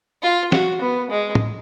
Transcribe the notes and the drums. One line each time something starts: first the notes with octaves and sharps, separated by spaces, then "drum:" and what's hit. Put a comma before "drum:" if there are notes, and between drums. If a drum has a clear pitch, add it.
F4
F#4, drum: snare
B3
G#3
drum: tom